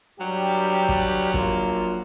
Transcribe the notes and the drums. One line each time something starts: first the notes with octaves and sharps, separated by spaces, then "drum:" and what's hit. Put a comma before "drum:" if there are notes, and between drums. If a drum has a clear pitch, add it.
G2 F#3 G3 G4
drum: kick
A#1 A#3 F4, drum: kick